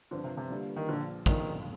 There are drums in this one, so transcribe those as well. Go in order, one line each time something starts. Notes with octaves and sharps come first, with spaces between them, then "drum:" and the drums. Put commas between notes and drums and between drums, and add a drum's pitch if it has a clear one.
G1 G2 D3 F3 C4
C3
C3
G1 G2 D3 G3 A#3
D#3
A#1 A#2 D3 F3
D#2 D3 D#3 F3, drum: kick